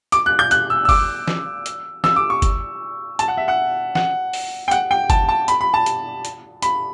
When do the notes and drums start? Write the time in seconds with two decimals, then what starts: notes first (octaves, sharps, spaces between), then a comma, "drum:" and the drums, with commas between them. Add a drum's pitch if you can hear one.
0.12 D6, drum: hi-hat
0.26 F#6
0.39 G6
0.51 F#6, drum: hi-hat
0.70 E6
0.85 E6
0.89 D6, drum: kick, open hi-hat
1.28 drum: snare
1.66 drum: hi-hat
2.04 E6, drum: snare
2.16 D6
2.30 C#6
2.42 drum: kick, hi-hat
3.19 A5, drum: hi-hat
3.28 F#5
3.37 E5
3.48 F#5
3.95 F#5, drum: snare
4.33 drum: open hi-hat
4.68 G5
4.71 F#5, drum: hi-hat
4.91 G5
5.10 A5, drum: kick, hi-hat
5.29 A5
5.48 B5, drum: hi-hat
5.61 B5
5.74 A5
5.86 drum: hi-hat
6.25 drum: hi-hat
6.62 B5, drum: hi-hat